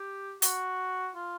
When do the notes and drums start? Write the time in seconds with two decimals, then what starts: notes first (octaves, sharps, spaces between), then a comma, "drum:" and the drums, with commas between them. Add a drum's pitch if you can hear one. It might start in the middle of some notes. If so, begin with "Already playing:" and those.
Already playing: G4
0.42 F#4, drum: hi-hat
1.16 F4